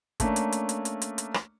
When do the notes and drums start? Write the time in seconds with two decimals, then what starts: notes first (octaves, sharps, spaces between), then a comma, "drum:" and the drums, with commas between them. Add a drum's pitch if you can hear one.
0.20 A3 A#3 C#4 D4, drum: kick, hi-hat
0.36 drum: hi-hat
0.52 drum: hi-hat
0.69 drum: hi-hat
0.85 drum: hi-hat
1.02 drum: hi-hat
1.18 drum: hi-hat
1.34 drum: rim click